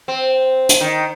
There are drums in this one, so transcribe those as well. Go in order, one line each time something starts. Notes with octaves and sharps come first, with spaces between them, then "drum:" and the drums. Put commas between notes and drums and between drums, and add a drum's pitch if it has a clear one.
C4
drum: hi-hat
D#3